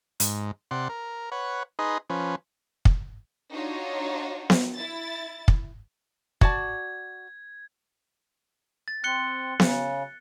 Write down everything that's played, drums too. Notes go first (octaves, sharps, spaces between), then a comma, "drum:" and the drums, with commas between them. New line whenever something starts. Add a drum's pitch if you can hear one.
G#2, drum: hi-hat
C3 D5 F#5 C6
A#4
B4 C#5 F#5
D#4 G#4 B4 D#5 C6
F3 C#4 B4
drum: kick
D4 D#4 F4 F#4 C#5
drum: snare B3
E4 A6
drum: kick
F#4 D5 A5 G#6, drum: kick
A6
C4 F#6 C#7 G7
C#3, drum: snare B3